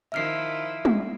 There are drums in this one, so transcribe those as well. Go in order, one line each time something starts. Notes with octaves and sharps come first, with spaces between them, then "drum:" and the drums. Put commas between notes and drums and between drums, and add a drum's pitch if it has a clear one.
D#3 F3 E4 E5 F6 C7
drum: tom